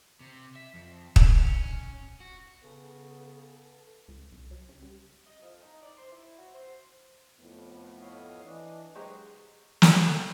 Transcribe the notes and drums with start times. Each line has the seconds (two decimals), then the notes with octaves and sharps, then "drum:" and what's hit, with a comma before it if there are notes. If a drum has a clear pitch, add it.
0.20 C3
0.56 E5
0.74 F2
1.16 D#3, drum: kick
1.37 C#4
2.20 F#4
2.63 C#3 B3 A4
4.08 C#2
4.32 C2
4.51 F#3
4.69 C#3
4.82 G3
5.26 D#5
5.42 F2
5.62 D#4
5.82 D5
5.97 C5
6.12 E4
6.38 F#4
6.54 C5
7.40 F2 A2 B3
8.01 C#5 D#5 F5
8.43 E3 D4 D#5
8.95 F#3 G#3 G4 G#4 C5 C#5
9.82 drum: snare